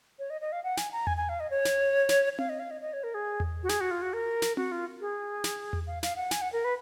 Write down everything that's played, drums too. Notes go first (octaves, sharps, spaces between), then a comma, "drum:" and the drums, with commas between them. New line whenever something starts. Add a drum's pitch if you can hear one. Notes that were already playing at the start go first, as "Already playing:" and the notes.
C#5
D#5
D#5
F5
F#5
G#5, drum: snare
A#5
G#5, drum: tom E2
G#5
F5
D#5
C#5
drum: snare
drum: snare
F5, drum: tom C4
D#5
F5
D#5
D#5
C#5
A#4
G#4
drum: tom E2
F#4
G#4, drum: snare
F#4
F4
F#4
A#4
drum: snare
F#4, drum: tom C4
F4
G#4
drum: snare
drum: tom E2
F5
F5, drum: snare
F#5
G#5, drum: snare
F#5
A#4
B4